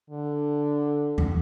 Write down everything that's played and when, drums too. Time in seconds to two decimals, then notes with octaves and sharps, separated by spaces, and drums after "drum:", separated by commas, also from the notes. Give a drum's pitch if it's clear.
0.10 D3
1.18 drum: tom E2